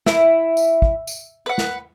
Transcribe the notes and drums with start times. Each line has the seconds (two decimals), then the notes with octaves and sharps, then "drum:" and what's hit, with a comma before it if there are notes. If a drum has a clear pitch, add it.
0.06 E4, drum: snare
0.57 drum: tambourine
0.82 drum: kick
1.07 drum: tambourine
1.46 B4 F#5
1.58 drum: snare